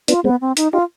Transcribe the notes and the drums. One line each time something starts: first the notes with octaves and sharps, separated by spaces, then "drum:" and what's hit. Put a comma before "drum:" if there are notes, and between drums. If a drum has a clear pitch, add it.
B3 D4 F4, drum: hi-hat
G#3 B3 C4
C4
D#4, drum: hi-hat
D#4 F4 G4